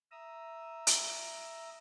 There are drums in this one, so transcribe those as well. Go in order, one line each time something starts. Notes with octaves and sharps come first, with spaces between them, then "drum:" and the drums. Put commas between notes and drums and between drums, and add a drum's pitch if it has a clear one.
E5 A#5 D#6 E6
drum: hi-hat